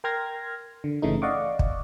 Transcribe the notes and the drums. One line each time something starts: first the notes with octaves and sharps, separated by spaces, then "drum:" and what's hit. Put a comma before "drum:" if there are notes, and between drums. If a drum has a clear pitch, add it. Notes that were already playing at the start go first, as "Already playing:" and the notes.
A#4 G5 C6 F6 G#6 A#6
D3
G1 C#3 E3 A3 D#4
D5 D#5 F5 F#5 C#6 D6
drum: kick